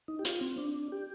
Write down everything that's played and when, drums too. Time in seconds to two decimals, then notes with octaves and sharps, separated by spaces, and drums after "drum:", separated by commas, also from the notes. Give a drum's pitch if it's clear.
0.08 D#4
0.19 G4
0.25 F4, drum: hi-hat
0.41 C4
0.58 D4
0.92 G4